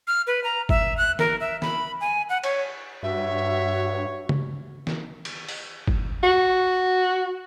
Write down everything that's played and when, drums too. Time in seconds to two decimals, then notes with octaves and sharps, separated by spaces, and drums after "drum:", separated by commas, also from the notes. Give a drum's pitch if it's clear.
0.07 F6
0.27 B4
0.44 A#5
0.69 E5, drum: kick G1
0.97 F#6
1.19 A#4, drum: snare
1.40 E5
1.62 B5, drum: snare
2.01 G#5
2.29 F#5
2.44 C#5, drum: cymbal
3.03 G2 F#4 C#5 E5
4.29 drum: tom C#3
4.87 drum: snare
5.25 drum: cymbal
5.49 drum: open hi-hat
5.88 drum: kick G1
6.23 F#4